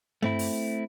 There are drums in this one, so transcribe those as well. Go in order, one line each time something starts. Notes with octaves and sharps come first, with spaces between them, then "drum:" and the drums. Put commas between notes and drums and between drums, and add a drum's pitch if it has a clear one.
A3 C4 E4, drum: tom G2
drum: open hi-hat